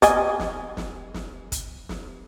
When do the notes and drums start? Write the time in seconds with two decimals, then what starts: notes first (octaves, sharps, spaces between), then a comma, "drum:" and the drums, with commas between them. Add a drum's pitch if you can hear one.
0.02 D5 D#5 G#5, drum: kick, hi-hat
0.40 drum: snare
0.77 drum: snare
1.14 drum: snare
1.52 drum: kick, hi-hat
1.89 drum: snare